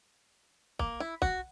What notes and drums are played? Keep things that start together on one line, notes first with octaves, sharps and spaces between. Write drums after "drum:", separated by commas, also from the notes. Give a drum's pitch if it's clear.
A#3, drum: kick
E4
F#4, drum: kick